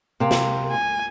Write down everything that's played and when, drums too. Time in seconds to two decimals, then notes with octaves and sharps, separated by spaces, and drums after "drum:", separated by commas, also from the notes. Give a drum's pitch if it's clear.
0.20 C3 A#3 C4
0.31 drum: snare
0.71 G#5